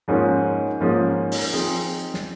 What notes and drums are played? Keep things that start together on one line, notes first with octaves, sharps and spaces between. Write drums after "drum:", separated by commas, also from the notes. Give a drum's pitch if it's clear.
G#2 F3 A#3 C#4 G#4
G#2 F3 A#3 C#4 G#4
drum: open hi-hat
F3 C4 D#4 G#4
drum: snare